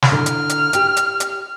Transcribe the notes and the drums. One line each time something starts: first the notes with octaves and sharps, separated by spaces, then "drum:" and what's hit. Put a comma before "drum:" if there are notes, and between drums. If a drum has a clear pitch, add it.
drum: snare
D3 E4 A#5 F6
drum: hi-hat
drum: hi-hat
G4 G5, drum: hi-hat
drum: hi-hat
drum: hi-hat